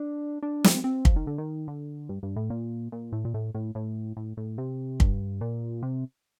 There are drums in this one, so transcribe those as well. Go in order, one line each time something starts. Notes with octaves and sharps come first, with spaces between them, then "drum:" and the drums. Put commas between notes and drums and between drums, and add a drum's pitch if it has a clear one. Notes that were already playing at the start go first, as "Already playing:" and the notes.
Already playing: D4
D4
C4, drum: snare
C4
F3, drum: kick
D#3
D3
D#3
D3
G2
G2
A2
A#2
A#2
A2
A#2
A2
A2
A2
A2
A2
C3
G2, drum: kick
A#2
C3